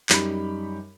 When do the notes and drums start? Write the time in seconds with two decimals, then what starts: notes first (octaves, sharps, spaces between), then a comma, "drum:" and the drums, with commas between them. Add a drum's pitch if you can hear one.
0.09 F#2 G3 D#4 G4 B5, drum: clap